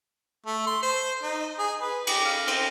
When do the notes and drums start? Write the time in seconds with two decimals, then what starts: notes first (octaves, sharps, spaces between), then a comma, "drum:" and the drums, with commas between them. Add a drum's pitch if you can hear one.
0.46 A3
0.67 C6
0.83 C5
1.23 D#4
1.59 G#4
1.80 B4
2.07 G4, drum: cymbal
2.25 F5
2.47 C4, drum: cymbal